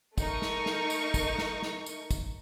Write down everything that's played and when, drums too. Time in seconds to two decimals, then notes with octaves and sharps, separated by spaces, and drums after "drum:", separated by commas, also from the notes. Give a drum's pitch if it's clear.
0.18 A3 D#4 A#4 C#6, drum: kick, tambourine
0.42 drum: snare
0.66 drum: snare
0.90 drum: tambourine
1.14 drum: kick, tambourine
1.38 drum: snare
1.62 drum: snare
1.86 drum: tambourine
2.11 drum: kick, tambourine